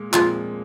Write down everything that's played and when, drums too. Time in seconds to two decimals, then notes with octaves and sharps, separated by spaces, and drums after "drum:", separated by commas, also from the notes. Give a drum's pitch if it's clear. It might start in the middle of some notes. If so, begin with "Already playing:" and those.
Already playing: A#2 G#3
0.13 A#2 F3 G#3 C4 F4, drum: clap